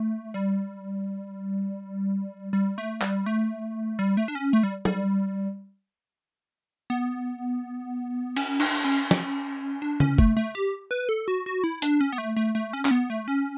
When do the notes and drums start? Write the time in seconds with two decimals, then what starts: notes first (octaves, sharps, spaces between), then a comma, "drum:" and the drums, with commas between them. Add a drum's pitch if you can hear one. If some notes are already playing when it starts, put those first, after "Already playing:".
Already playing: A3
0.34 G3
2.53 G3
2.78 A3
3.02 G3, drum: clap
3.26 A3
3.99 G3
4.17 A3
4.28 D4
4.35 C#4
4.53 A3
4.63 G3
4.85 G3, drum: tom
6.90 B3
8.36 C#4, drum: cymbal
8.60 D4, drum: cymbal
8.84 C#4
9.11 drum: snare
9.82 D4
10.00 C#4, drum: tom C#3
10.18 A3, drum: kick
10.37 A3
10.55 G4
10.91 B4
11.09 A4
11.28 F#4
11.46 F#4
11.64 E4
11.82 D4, drum: hi-hat
12.01 C#4
12.12 B3
12.18 A3
12.37 A3
12.55 A3
12.73 C#4
12.85 C#4, drum: clap
12.91 B3
13.10 A3
13.28 C#4